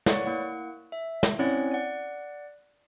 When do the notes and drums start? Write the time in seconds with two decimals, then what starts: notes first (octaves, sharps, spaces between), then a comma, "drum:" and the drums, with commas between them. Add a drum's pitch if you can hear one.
0.06 B4 C#5 D5 F#5 C#6, drum: snare
0.26 A#3 E4 F#5
0.92 E5
1.23 drum: snare
1.39 C4 C#4 E4 C#5 D5 F#5
1.71 D5 F#5